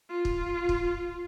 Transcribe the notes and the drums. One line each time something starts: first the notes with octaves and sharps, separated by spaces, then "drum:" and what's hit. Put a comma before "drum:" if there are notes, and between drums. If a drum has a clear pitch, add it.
F4
drum: kick
drum: kick